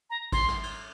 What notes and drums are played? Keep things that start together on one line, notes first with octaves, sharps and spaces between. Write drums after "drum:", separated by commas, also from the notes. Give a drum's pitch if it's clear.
A#5
C6, drum: kick G#1, cymbal
drum: snare
drum: cymbal